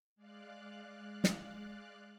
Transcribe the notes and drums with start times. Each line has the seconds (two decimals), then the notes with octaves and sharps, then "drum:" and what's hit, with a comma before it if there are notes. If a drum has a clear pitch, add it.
0.16 G#3 D5 F5 F#6
1.24 drum: snare